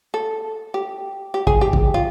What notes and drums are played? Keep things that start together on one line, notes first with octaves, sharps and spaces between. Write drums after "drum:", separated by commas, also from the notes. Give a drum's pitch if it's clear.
A4
G4
G4
G#4, drum: kick
G4
drum: kick
F4